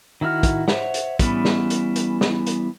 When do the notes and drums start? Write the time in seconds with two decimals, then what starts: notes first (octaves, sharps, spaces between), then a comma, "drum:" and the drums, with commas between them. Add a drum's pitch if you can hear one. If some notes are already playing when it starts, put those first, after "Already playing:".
0.21 D#3 E4 F#4 F6
0.43 drum: kick, hi-hat
0.68 C5 C#5 E5 F#5, drum: snare
0.94 drum: hi-hat
1.19 E3 G3 B3 C#4 B4, drum: kick, hi-hat
1.45 drum: snare
1.70 drum: hi-hat
1.96 drum: hi-hat
2.21 drum: snare
2.47 drum: hi-hat